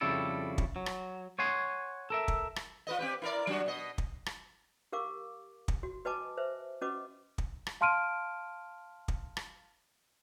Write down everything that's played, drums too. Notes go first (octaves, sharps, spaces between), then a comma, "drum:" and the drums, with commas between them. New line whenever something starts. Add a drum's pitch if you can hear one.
F2 C#3 G3 E4 A4
drum: kick
F#3
drum: rim click
C#5 F#5 G#5 C6
A4 A#4 E5
drum: kick
drum: rim click
F4 B4 D#5
C4 G4 B4
E4 A#4 D5
F#3 D4 F#4
B2 D#5
drum: kick
drum: rim click
G4 A#4 F5 D6
drum: kick
F#4
F#4 B4 D#5 G#5 A5 D6
B4 C5 E5
C#4 F#4 B4 D#5 D6
drum: kick
drum: rim click
F5 A5 C6 F6 D7 D#7
drum: kick
drum: rim click